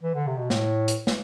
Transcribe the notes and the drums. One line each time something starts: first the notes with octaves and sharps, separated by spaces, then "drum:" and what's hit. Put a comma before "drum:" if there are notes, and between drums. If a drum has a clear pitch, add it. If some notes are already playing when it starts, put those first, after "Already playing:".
E3
D3
C3
B2
A2, drum: snare
drum: hi-hat
drum: snare